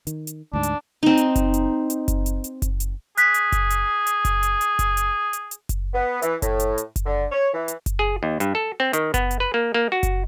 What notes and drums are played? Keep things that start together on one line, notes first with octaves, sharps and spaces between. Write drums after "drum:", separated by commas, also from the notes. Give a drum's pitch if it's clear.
D#3, drum: hi-hat
drum: hi-hat
D2 G#2 D4
drum: hi-hat
C4 D#4
drum: hi-hat
drum: kick F#1, hi-hat
drum: hi-hat
drum: hi-hat
drum: kick F#1, hi-hat
drum: hi-hat
drum: hi-hat
drum: kick F#1, hi-hat
drum: hi-hat
G#4 F#6 B6, drum: hi-hat
drum: hi-hat
drum: kick F#1, hi-hat
drum: hi-hat
drum: hi-hat
drum: kick F#1, hi-hat
drum: hi-hat
drum: hi-hat
drum: kick F#1, hi-hat
drum: hi-hat
drum: hi-hat
drum: hi-hat
drum: kick F#1, hi-hat
B3
E3, drum: hi-hat
A2, drum: kick F#1, hi-hat
drum: hi-hat
drum: hi-hat
drum: kick F#1, hi-hat
D3
C#5
E3
drum: hi-hat
drum: kick F#1, hi-hat
G#4
D#2
G2, drum: hi-hat
A4
C4
D#3, drum: hi-hat
B3, drum: kick F#1, hi-hat
drum: hi-hat
B4
A#3
A#3
F#4
drum: kick F#1, hi-hat